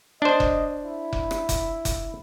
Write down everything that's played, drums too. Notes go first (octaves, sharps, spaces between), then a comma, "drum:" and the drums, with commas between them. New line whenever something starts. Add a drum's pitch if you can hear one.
D4 C5 D#5
drum: kick F1
E4
drum: kick F1
drum: rim click
drum: kick F1, hi-hat
drum: kick F1, hi-hat